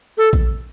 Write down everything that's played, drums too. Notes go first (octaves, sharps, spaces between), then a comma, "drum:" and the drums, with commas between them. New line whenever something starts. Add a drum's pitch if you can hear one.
A4
drum: kick A#1